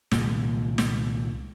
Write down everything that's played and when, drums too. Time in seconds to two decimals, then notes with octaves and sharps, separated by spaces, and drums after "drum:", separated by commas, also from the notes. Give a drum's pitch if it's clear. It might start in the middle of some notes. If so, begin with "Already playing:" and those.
0.12 C2 A#2 D#3 G#3, drum: snare
0.78 drum: snare